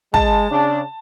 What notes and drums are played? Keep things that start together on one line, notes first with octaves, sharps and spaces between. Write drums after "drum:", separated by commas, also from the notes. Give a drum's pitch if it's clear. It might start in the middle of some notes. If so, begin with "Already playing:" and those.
G#3 A5, drum: kick
C#3 D4